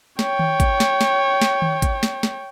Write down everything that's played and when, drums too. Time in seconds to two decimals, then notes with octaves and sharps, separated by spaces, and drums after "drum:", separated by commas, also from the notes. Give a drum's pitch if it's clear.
0.19 C#5 G5, drum: snare
0.39 drum: tom D#3
0.60 drum: kick, hi-hat
0.80 drum: snare
1.01 drum: snare
1.41 drum: snare
1.62 drum: tom D#3
1.82 drum: kick, hi-hat
2.03 drum: snare
2.23 drum: snare